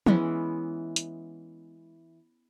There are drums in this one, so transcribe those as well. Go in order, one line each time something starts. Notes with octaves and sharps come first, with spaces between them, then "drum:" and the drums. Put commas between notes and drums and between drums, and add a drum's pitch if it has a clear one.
E3 G#3 B3 C#4, drum: tom
drum: hi-hat